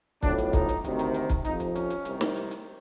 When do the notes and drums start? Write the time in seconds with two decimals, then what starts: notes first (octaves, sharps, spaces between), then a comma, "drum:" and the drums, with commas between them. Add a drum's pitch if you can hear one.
0.23 B1 A2 F3 D4, drum: kick, hi-hat
0.38 drum: hi-hat
0.53 D#4, drum: kick, hi-hat
0.69 drum: hi-hat
0.85 D2 C3 D#3, drum: hi-hat
0.99 drum: hi-hat
1.14 drum: hi-hat
1.30 drum: kick, hi-hat
1.45 F2 C3 F3 D#4, drum: hi-hat
1.60 drum: hi-hat
1.76 C#4, drum: hi-hat
1.90 drum: hi-hat
2.05 C2 C3 D#3, drum: hi-hat
2.21 drum: snare
2.36 drum: hi-hat
2.51 drum: hi-hat